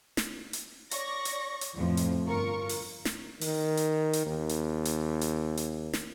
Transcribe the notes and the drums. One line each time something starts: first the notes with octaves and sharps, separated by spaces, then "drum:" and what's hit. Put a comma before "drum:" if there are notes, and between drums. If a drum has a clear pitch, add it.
drum: snare
drum: hi-hat
C#5 D5 C#6 A#6, drum: hi-hat
drum: hi-hat
drum: hi-hat
F2 A2 F3
drum: hi-hat
G1 F4 A#4 C#6
drum: open hi-hat
drum: snare
D#3, drum: open hi-hat
drum: hi-hat
drum: hi-hat
D#2
drum: hi-hat
drum: hi-hat
drum: hi-hat
drum: hi-hat
drum: snare